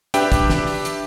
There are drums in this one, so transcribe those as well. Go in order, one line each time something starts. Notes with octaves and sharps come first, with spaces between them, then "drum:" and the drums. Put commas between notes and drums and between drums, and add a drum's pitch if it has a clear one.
D4 G4 B4 E5 G5, drum: hi-hat
drum: kick, hi-hat
drum: snare
drum: open hi-hat
drum: hi-hat